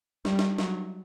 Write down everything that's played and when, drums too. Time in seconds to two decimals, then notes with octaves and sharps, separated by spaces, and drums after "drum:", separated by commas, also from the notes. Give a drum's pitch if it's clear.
0.25 G3, drum: snare
0.39 drum: snare
0.58 F#3, drum: snare